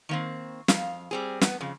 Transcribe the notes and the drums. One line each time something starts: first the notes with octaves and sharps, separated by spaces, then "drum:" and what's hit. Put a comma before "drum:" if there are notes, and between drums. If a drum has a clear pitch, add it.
D#3 A#3 C4
F2 F5, drum: snare
G3 C4 G#4
B3, drum: snare
F2 C#3